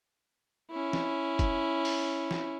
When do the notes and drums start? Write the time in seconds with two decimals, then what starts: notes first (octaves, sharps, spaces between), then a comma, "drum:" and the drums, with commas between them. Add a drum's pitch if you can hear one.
0.70 C#4 E4
0.93 drum: snare
1.39 drum: kick, hi-hat
1.85 drum: open hi-hat
2.31 drum: snare